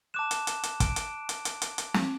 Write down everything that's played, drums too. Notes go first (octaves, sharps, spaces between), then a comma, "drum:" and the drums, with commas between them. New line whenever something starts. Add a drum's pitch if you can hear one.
A5 D6 F#6 E7
drum: hi-hat
drum: hi-hat
drum: hi-hat
D7, drum: kick, hi-hat
drum: hi-hat
drum: hi-hat
drum: hi-hat
drum: hi-hat
drum: hi-hat
drum: snare